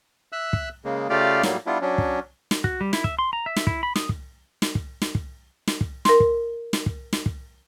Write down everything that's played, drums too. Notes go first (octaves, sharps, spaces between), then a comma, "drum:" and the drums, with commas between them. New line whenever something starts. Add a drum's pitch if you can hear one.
E5 E6 F#6
drum: kick
C#3 G#3 A#3
C#3 A3 F4 G4 D5 F5
A2 F#3 G3 A#3, drum: snare
G3 B3 D4 E4 F4
F#3 C#4 D4
drum: kick
drum: snare
F#4, drum: kick
G3
E4, drum: snare
E5, drum: kick
C6
A#5
E5
drum: snare
E4, drum: kick
B5
D#6, drum: snare
drum: kick
drum: snare
drum: kick
drum: snare
drum: kick
drum: snare
drum: kick
A#4 C6, drum: snare
drum: kick
drum: snare
drum: kick
drum: snare
drum: kick